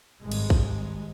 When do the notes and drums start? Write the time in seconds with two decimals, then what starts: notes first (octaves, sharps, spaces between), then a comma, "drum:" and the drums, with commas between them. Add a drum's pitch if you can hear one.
0.20 G#1 G2 G#3
0.32 drum: cymbal
0.50 drum: kick